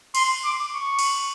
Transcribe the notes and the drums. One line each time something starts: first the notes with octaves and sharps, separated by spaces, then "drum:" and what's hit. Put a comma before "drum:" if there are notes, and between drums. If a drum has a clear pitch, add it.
C6, drum: cymbal
D6
C#6
drum: cymbal